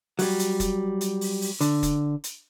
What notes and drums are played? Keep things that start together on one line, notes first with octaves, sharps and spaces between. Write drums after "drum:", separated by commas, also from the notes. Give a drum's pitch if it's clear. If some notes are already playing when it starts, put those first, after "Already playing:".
F#3 G3, drum: open hi-hat
drum: hi-hat
drum: kick, hi-hat
drum: hi-hat
drum: open hi-hat
drum: open hi-hat
D3, drum: hi-hat
drum: kick, hi-hat
drum: hi-hat